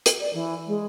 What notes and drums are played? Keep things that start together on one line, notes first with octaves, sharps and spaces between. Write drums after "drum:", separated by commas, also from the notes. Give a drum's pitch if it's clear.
drum: hi-hat
D5
E3
G#3